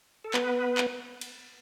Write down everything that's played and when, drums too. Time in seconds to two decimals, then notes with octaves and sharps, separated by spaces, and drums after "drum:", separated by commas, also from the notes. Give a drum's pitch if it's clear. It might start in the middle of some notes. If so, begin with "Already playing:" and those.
0.24 A4
0.34 B3 B4, drum: clap
0.78 drum: clap
1.21 drum: cymbal